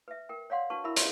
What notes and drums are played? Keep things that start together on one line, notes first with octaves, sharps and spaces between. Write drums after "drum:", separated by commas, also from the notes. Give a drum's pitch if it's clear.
B4 E5
A#4 G5
C#5 D5 F5 F#5 C6
D4 F#4 B4 A5 C#6
E4 A#4 E5 B5 E6
E5 C6, drum: hi-hat